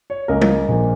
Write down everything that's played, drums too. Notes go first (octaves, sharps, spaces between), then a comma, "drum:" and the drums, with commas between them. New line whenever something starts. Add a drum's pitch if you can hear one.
C#5
C#2 C#3 A#3 A#4 D#5
drum: tom
A#1 A#2 A#3